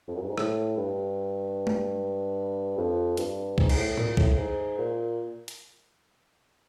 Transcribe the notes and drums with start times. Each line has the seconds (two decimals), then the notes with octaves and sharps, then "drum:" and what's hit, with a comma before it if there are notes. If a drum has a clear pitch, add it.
0.08 F2
0.15 F#2
0.23 G2
0.29 G#2
0.38 A2, drum: rim click
0.77 G2
1.67 drum: tom G#3
2.78 F2
3.17 G2, drum: hi-hat
3.58 G#2, drum: kick
3.69 G#2, drum: cymbal
3.77 A2
3.97 A#2, drum: tom A2
4.17 A2, drum: kick
4.37 G#2
4.78 A#2
5.48 drum: hi-hat